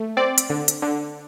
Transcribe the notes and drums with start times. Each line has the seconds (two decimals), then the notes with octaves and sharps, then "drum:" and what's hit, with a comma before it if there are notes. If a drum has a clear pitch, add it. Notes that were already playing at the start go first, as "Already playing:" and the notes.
Already playing: A3
0.17 C4 D5
0.38 drum: hi-hat
0.50 D3
0.68 drum: hi-hat
0.82 D3